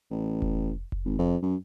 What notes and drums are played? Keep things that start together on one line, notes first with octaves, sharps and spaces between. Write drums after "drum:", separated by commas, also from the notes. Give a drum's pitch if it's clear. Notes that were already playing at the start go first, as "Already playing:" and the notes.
A1
drum: kick F1
drum: kick F1
G#1
F2
F#2